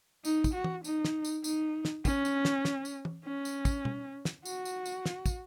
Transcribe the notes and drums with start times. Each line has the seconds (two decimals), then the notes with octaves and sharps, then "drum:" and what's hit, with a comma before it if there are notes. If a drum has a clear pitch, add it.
0.25 D#4, drum: tambourine
0.44 drum: kick, tambourine
0.54 F#4
0.64 drum: tom E3
0.84 D#4, drum: tambourine
1.05 drum: snare
1.25 drum: tambourine
1.44 D#4, drum: tambourine
1.85 drum: snare
2.05 C#4, drum: kick, tambourine
2.25 drum: tambourine
2.45 drum: snare
2.65 drum: snare
2.85 drum: tambourine
3.05 drum: tom E3
3.25 C#4
3.45 drum: tambourine
3.65 drum: kick, tambourine
3.85 drum: tom B2
4.25 drum: snare
4.45 F#4, drum: tambourine
4.65 drum: tambourine
4.85 drum: tambourine
5.06 drum: snare
5.26 drum: kick, tambourine